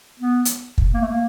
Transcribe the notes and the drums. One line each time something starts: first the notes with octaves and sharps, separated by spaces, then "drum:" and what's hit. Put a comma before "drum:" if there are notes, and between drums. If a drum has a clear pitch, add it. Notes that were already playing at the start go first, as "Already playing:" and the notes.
B3
drum: hi-hat
drum: kick
A#3
A3
A#3